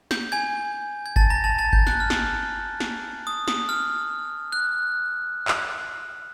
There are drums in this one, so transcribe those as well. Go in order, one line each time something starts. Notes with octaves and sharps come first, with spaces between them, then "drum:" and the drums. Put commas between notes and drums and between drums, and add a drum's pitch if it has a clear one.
G6, drum: snare
G#5 G#6
G#6
A5 A6, drum: kick G1
A#5 A#6
A5 A6
A5 A6
G6, drum: kick G1
F#6, drum: snare
F6
drum: snare
drum: snare
D#6
D#6, drum: snare
F6
F#6
drum: clap